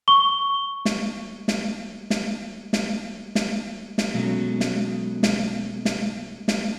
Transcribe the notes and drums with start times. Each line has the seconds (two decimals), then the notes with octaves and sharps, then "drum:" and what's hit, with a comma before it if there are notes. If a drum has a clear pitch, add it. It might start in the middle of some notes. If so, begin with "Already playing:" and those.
0.08 C#6 G7
0.85 drum: snare
1.48 drum: snare
2.10 drum: snare
2.73 drum: snare
3.35 drum: snare
3.98 drum: snare
4.14 B2 F#3 G#3 A3 C#4
4.60 drum: snare
5.23 drum: snare
5.85 drum: snare
6.48 drum: snare